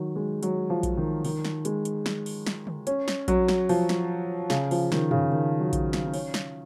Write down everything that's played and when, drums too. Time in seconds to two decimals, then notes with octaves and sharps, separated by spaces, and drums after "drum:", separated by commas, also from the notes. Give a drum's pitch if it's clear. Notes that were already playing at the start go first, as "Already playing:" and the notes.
Already playing: D#3 F#3
0.16 G#3
0.43 F#3, drum: hi-hat
0.70 F3
0.83 drum: kick A#1, hi-hat
0.97 D#3
1.25 D#3, drum: open hi-hat
1.45 drum: snare
1.65 G#3, drum: hi-hat
1.85 drum: hi-hat
2.06 drum: snare
2.26 drum: open hi-hat
2.46 drum: snare
2.67 drum: tom
2.87 C#4, drum: hi-hat
3.08 drum: snare
3.28 F#3, drum: kick A#1, hi-hat
3.48 drum: snare
3.69 F3, drum: open hi-hat
3.89 drum: snare
4.50 C#3, drum: snare
4.71 F3, drum: open hi-hat
4.92 D#3, drum: snare
5.11 C#3, drum: tom
5.32 D#3
5.59 F#3
5.73 drum: kick A#1, hi-hat
5.93 drum: snare
6.06 D#4
6.14 C#4, drum: open hi-hat
6.34 drum: snare